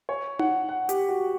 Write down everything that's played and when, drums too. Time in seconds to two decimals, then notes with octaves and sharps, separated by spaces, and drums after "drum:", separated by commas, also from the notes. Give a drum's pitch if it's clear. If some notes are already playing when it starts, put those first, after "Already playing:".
0.09 C#5
0.39 F#5, drum: tom D#4
0.69 F#5
0.89 G4, drum: hi-hat
1.09 F#4